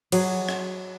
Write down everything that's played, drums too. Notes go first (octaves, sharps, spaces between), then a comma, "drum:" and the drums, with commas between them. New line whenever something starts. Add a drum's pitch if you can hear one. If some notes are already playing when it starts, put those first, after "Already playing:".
F#3 G#4, drum: cymbal
drum: rim click